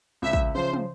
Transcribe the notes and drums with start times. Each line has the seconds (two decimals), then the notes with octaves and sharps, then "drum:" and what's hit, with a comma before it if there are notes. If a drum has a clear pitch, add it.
0.22 C#2 E5
0.33 drum: kick
0.55 C#3 F3 C5
0.73 drum: tom